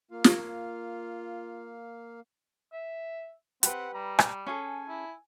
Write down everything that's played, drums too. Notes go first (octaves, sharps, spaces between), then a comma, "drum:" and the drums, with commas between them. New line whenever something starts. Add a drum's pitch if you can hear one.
A#3 F4 F5
drum: snare
E5
C4 G4 B4 F#5, drum: hi-hat
G3 A#5
drum: rim click
C#4 G#4 A4 G#5
E4